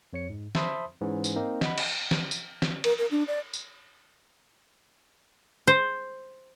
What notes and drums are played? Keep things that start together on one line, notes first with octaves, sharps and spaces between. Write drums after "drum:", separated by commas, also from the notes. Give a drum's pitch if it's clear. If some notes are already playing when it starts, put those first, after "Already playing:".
F2 C#5 C#7
G#2
C5 E5 A5 B5 C6 D#6, drum: snare
G#2 E3 C#4
drum: tambourine
A#3 C4 D#4 A#4
D#5 F#5 B5, drum: snare
drum: cymbal
drum: snare
drum: tambourine
drum: snare
A#4, drum: cymbal
A#4
D4
D5
drum: tambourine
C5